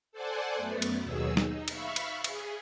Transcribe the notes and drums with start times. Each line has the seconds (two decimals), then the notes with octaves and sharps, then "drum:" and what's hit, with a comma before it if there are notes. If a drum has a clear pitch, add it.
0.12 A4 C5 D5 F#5 G#5 A5
0.56 F#2 A3 B3
0.82 drum: cymbal
1.02 D#2 B2 F#3 G#4 E6
1.37 D#4, drum: snare
1.68 E5 F5 B5 C#6, drum: cymbal
1.96 drum: cymbal
2.24 G#4, drum: cymbal